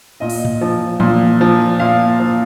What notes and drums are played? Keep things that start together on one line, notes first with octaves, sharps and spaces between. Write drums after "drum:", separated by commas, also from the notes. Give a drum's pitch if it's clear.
A#2 D#5
drum: open hi-hat
drum: tom A2
F3
A#2, drum: tom E3
F3
A#2 F5
F3